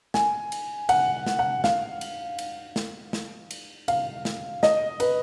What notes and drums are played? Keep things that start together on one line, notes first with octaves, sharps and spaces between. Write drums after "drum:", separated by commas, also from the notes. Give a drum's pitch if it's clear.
G#5, drum: snare
drum: cymbal
F#5, drum: cymbal
drum: snare
F#5
F5, drum: snare
drum: cymbal
drum: cymbal
drum: snare
drum: snare
drum: cymbal
F5, drum: cymbal
drum: snare
D#5, drum: snare
B4, drum: cymbal